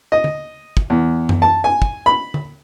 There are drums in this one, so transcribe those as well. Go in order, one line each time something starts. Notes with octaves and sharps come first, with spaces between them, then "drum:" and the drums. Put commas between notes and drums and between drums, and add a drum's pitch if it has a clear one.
D#5
drum: tom D3
drum: kick
E2
drum: tom F#2
A5
G#5
drum: kick
B5
drum: tom D3